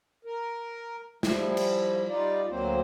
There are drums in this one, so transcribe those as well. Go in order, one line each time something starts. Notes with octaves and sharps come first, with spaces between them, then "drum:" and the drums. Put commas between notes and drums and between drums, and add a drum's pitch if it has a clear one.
A#4
F3 G3 E4, drum: snare
drum: cymbal
G3 D#4 F4 D5
D2 F#3 A#3 C4 C5